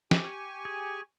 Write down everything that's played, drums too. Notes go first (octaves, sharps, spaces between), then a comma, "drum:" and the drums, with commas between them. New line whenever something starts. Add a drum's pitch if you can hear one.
G4 G#5 C#6, drum: snare
G#4